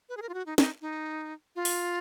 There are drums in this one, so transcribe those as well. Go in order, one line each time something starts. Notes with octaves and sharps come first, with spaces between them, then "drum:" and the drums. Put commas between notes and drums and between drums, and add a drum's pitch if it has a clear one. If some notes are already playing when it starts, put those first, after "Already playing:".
B4
G#4
A#4
F4
F#4
D#4
D#4, drum: snare
D#4
F4
drum: open hi-hat